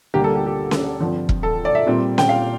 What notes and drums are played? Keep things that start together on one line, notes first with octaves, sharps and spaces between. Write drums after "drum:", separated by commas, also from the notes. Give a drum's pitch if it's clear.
D2 D3 G3 A#3 G4
A4
G4
G4
drum: snare C#4
G2 D3 F3 C4
drum: kick E1
A4
D5
E5
A#2 G3 C4
G5, drum: snare C#4
F5